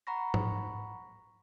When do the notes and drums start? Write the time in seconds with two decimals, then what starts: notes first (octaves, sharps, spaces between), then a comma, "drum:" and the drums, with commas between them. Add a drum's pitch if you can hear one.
0.07 F#5 A#5 B5 C#6 A#6
0.34 drum: tom G#2